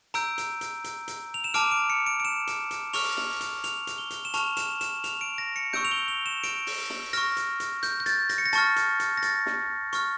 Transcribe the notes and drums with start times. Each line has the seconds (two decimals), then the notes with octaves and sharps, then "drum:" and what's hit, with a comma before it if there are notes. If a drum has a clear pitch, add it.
0.14 A#5 E6 G6 D7, drum: hi-hat
0.38 drum: hi-hat
0.61 drum: hi-hat
0.84 drum: hi-hat
1.08 drum: hi-hat
1.34 F7
1.44 E7
1.54 A5 D6 F6 D7, drum: hi-hat
1.72 D7
1.90 C#7
2.06 D7
2.20 D7
2.25 E7
2.47 drum: hi-hat
2.71 drum: hi-hat
2.93 C#6 F6 F7, drum: open hi-hat
3.17 drum: snare
3.41 drum: hi-hat
3.64 F7, drum: hi-hat
3.87 drum: hi-hat
3.98 G7
4.10 drum: hi-hat
4.25 E7
4.34 A5 C#6 F6 F7, drum: hi-hat
4.57 E7, drum: hi-hat
4.81 E7, drum: hi-hat
5.04 F7, drum: hi-hat
5.21 D7
5.38 A#6
5.56 C#7
5.73 C#6 E6 G6 D7, drum: snare
5.85 F7
5.91 G7
6.08 F7
6.26 E7
6.43 D7, drum: hi-hat
6.67 drum: open hi-hat
6.90 drum: snare
7.13 C#6 F6 A#6, drum: hi-hat
7.37 drum: hi-hat
7.60 drum: hi-hat
7.83 G6, drum: hi-hat
8.00 G6
8.06 A6, drum: hi-hat
8.29 A#6, drum: hi-hat
8.38 C#7
8.46 A#6
8.53 A5 C#6 F6 A6, drum: hi-hat
8.76 drum: hi-hat
9.00 drum: hi-hat
9.17 A#6
9.23 A6, drum: hi-hat
9.46 drum: snare
9.93 C#6 F6, drum: hi-hat